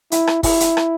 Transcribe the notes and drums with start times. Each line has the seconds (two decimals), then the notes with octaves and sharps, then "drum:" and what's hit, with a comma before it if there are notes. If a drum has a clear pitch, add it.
0.12 E4, drum: hi-hat
0.27 drum: rim click
0.43 E4, drum: kick, open hi-hat
0.60 drum: hi-hat
0.77 drum: rim click